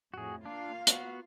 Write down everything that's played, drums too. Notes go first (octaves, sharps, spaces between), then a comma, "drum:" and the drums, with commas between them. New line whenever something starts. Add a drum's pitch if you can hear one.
F2 A2 F#4 G#4
A#3 D4 F4 F5
B3 F#4, drum: hi-hat